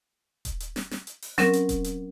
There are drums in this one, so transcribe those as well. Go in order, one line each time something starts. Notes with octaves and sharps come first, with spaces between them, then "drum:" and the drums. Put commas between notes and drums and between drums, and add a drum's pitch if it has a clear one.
drum: kick D#1, hi-hat
drum: hi-hat
drum: snare
drum: snare
drum: hi-hat
drum: open hi-hat
F#3 C4 C#4 A#4, drum: snare
drum: hi-hat
drum: kick D#1, hi-hat
drum: hi-hat